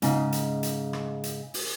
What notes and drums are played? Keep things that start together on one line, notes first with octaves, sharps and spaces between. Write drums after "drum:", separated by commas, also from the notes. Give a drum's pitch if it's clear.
G#2 C#3, drum: hi-hat
drum: hi-hat
drum: hi-hat
drum: rim click
drum: hi-hat
drum: open hi-hat